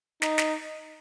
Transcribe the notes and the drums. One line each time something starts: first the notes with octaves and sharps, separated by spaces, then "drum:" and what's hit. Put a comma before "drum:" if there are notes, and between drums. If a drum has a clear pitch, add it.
D#4, drum: snare
drum: snare